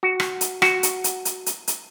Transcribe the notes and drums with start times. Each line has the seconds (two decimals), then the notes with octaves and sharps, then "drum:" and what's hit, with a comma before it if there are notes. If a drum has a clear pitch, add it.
0.03 F#4
0.20 drum: rim click
0.41 drum: hi-hat
0.62 F#4, drum: rim click
0.83 drum: hi-hat
1.04 drum: hi-hat
1.25 drum: hi-hat
1.46 drum: hi-hat
1.68 drum: hi-hat